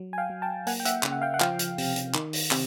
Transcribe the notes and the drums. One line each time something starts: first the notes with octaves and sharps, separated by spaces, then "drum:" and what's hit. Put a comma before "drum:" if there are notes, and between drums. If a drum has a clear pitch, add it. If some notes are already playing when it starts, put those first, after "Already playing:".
Already playing: F#3
G#5
F5 G5
F#3
G5 A5
A#3 F#5 G#5, drum: open hi-hat
G5
E5 F#5, drum: hi-hat
C#3, drum: clap
F#5
F5 G5
F#5
F3 F5 G5, drum: clap
drum: hi-hat
C3, drum: open hi-hat
drum: hi-hat
D#3, drum: clap
drum: open hi-hat
C3, drum: clap